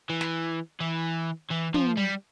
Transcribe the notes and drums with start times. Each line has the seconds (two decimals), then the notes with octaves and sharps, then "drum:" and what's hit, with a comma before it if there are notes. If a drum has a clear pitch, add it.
0.09 E3
0.21 drum: snare
0.81 E3
1.50 E3
1.74 F3, drum: tom
1.97 G3